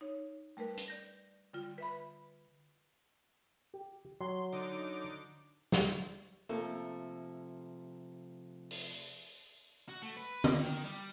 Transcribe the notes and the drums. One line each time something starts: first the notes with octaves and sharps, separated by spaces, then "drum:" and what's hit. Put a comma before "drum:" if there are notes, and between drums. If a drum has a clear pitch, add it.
D#4 C#5
G3 A3 A#4 B4
drum: hi-hat
D5 G6 A#6
D3 G3 F4
B4 E5 B5
G4
F#3 C6
D3 D#4 D6
drum: snare
C3 F3 A3 A#3 A4
drum: open hi-hat
F#4
A3
B4
A#3, drum: tom D3
D#3
G3